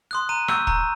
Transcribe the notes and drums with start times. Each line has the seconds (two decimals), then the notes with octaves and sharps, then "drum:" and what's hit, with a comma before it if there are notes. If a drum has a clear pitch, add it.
0.11 C6 D#6 F#6
0.29 A#5 D#7
0.48 C#6 E6 G6, drum: rim click
0.67 A#5, drum: kick E1